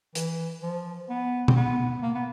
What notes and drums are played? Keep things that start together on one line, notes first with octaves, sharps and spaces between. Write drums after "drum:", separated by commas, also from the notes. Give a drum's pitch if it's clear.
E3, drum: hi-hat
F3
B3
C4, drum: tom B2
B3
A#3
B3